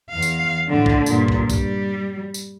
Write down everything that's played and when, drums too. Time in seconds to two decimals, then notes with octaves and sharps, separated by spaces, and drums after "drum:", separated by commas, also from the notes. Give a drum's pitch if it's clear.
0.10 E2 F5
0.22 drum: tambourine
0.69 A2 D3
0.86 drum: kick
1.06 G2 A#2, drum: tambourine
1.28 drum: kick
1.50 G3, drum: kick, tambourine
2.34 drum: tambourine